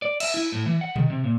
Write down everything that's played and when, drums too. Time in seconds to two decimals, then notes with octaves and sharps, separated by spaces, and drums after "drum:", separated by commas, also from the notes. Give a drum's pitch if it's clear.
0.02 D5
0.20 E5, drum: cymbal
0.34 E4
0.52 A2
0.66 E3
0.81 F#5
0.96 D#3, drum: tom B2
1.10 C3
1.24 A#2